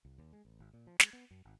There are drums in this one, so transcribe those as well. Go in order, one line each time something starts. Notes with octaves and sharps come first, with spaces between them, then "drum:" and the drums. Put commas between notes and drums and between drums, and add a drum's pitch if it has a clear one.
C2
D#2
G#3
A1
G#1
A#2
F3
G#3, drum: snare
B3
F#2
G#1